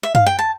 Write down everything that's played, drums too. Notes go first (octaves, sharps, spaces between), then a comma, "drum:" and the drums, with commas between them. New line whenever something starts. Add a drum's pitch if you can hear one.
E5
F5, drum: tom
G5
A5